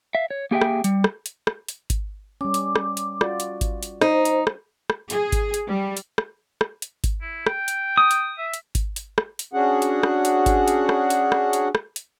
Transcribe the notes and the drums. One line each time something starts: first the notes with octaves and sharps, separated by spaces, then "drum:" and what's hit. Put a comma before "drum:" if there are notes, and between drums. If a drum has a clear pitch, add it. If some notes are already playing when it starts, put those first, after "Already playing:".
E5 F5
C#5
A#3 G4 G#4 E5 G5
drum: rim click
G3, drum: hi-hat
drum: rim click
drum: hi-hat
drum: rim click
drum: hi-hat
drum: kick G#1, hi-hat
G3 C#4 D6
drum: hi-hat
drum: rim click
drum: hi-hat
F4 F#4 D5, drum: rim click
drum: hi-hat
drum: kick G#1, hi-hat
drum: hi-hat
D#4 C5, drum: rim click
drum: hi-hat
drum: rim click
drum: rim click
G#4, drum: hi-hat
drum: kick G#1, hi-hat
drum: hi-hat
G3
drum: hi-hat
drum: rim click
drum: rim click
drum: hi-hat
drum: kick G#1, hi-hat
E4
G5, drum: rim click
drum: hi-hat
D#6
drum: hi-hat
E5
drum: hi-hat
drum: kick G#1, hi-hat
drum: hi-hat
drum: rim click
drum: hi-hat
C#4 D4 F#4 G#4 F#5
drum: hi-hat
drum: rim click
drum: hi-hat
drum: kick G#1, hi-hat
drum: hi-hat
drum: rim click
drum: hi-hat
drum: rim click
drum: hi-hat
drum: rim click
drum: hi-hat